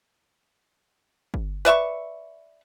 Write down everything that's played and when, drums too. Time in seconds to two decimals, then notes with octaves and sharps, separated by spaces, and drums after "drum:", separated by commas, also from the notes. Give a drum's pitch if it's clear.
1.34 drum: kick G1
1.65 B4 D5 E5 C#6